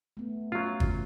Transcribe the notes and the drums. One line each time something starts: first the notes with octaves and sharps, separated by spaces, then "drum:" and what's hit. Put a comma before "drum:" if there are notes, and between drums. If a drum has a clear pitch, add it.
A3 B3
F#3 C#4 F4
drum: kick